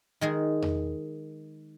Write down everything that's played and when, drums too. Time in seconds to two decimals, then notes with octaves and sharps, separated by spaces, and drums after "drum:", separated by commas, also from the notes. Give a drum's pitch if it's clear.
0.21 D#3 G#3 G#4
0.62 drum: tom E2